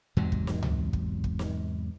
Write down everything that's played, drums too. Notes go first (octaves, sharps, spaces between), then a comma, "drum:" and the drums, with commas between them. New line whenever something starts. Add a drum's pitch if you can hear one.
E2 G#2 C3 F#3
drum: kick
drum: snare
drum: tom C#2
drum: kick
drum: kick
drum: snare